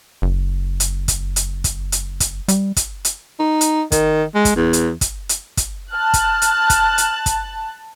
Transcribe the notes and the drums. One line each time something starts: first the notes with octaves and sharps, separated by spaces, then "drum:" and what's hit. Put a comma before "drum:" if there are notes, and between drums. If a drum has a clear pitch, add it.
F#1
drum: hi-hat
drum: kick, hi-hat
drum: hi-hat
drum: kick, hi-hat
drum: hi-hat
drum: kick, hi-hat
G3, drum: hi-hat
drum: kick, hi-hat
drum: hi-hat
D#4
drum: hi-hat
D#3, drum: kick, hi-hat
G#3
drum: kick, hi-hat
E2
drum: hi-hat
drum: kick, hi-hat
drum: hi-hat
drum: kick, hi-hat
A5 F6 F#6
drum: kick, hi-hat
drum: hi-hat
drum: kick, hi-hat
drum: hi-hat
drum: kick, hi-hat